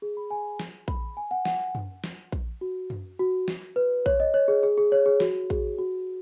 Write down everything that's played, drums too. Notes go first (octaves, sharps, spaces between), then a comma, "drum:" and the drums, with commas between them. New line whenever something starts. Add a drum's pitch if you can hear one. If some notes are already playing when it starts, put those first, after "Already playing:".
G#4
B5
G#5
drum: snare
B5, drum: kick A#1
G#5
F#5
F#5, drum: snare
drum: tom F#2
drum: snare
drum: kick A#1
F#4
drum: tom F#2
F#4
drum: snare
B4
C#5, drum: kick A#1
D#5
C#5
G#4
G#4
G#4
C#5
G#4
F#4, drum: snare
G#4, drum: kick A#1
F#4